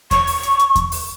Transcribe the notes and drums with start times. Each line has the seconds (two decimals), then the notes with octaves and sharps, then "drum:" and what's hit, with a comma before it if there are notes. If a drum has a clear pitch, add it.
0.11 C#6, drum: kick E2, hi-hat
0.27 drum: open hi-hat
0.43 drum: hi-hat
0.59 drum: hi-hat
0.76 drum: kick E2, hi-hat
0.92 drum: open hi-hat